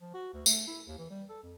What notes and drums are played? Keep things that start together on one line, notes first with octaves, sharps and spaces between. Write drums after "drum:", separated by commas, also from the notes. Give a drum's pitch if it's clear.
F3
F#4
D2
A3, drum: tambourine
E4
D#2
E3
G3
A4
F2